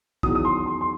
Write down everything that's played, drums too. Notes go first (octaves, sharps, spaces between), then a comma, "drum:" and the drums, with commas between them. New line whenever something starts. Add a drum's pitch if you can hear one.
E2 D#3 F#3 D#6, drum: kick
D#6
C6
C6
C6